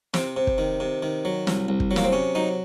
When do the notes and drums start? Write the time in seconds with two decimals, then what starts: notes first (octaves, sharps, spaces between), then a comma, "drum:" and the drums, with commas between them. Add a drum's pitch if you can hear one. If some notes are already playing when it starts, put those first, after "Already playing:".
0.14 C3 C4, drum: snare
0.37 C3
0.47 drum: kick
0.58 D#3
0.80 C3
1.03 D#3
1.25 F#3
1.47 C2, drum: snare
1.68 C2
1.80 drum: kick
1.91 F#3
1.96 A#3, drum: snare
2.04 C4
2.13 C3 C#4
2.35 F#3 D#4